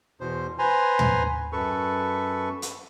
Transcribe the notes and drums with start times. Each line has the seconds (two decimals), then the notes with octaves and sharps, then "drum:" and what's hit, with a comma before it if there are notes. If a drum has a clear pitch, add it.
0.20 E2 B2 C5
0.59 B4 C5 G#5 A#5 C6
0.99 drum: tom
1.53 F#2 A4 B4 C#6
2.62 drum: hi-hat